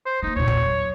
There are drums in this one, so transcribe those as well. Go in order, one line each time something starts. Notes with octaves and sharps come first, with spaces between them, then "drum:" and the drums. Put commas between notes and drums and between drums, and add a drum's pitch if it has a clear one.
C5
A3 A#3 D#4
D#2 A#2 C#5
drum: kick
F#3